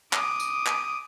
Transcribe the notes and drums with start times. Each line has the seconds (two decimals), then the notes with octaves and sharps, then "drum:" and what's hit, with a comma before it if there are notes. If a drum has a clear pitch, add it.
0.13 D6 D#6, drum: clap
0.40 drum: tambourine
0.66 drum: clap